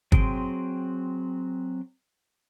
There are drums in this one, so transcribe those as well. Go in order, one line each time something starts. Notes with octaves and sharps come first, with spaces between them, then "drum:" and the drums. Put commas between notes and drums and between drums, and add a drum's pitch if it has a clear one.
F#3 C4 G#4 G5 C6, drum: kick